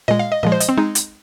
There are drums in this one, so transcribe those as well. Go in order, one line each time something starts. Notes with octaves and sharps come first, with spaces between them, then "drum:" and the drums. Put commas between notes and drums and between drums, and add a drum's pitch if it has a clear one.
A#2 G#3 D#5
F5
D#5
A#2 F3 G#3 D#5
C5
D#5, drum: hi-hat
C4
G#3 D#4
drum: hi-hat